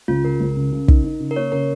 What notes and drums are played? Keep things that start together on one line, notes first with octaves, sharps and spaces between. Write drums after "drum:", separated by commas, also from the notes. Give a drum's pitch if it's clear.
C#2 F4
C#3 A#4
C#2
C#3
C#3
D#4, drum: kick
D#4
C#3
A#4
A#3 C#5
C#3 A#4